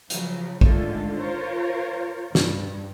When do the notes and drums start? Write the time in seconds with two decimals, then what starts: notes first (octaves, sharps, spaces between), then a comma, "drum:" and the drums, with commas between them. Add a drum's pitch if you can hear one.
0.10 C#3 F3 F#3, drum: hi-hat
0.61 D3 D#3 G#3 A3 F4 A4, drum: kick
1.17 F4 A#4 C5 C#5
2.35 G2, drum: snare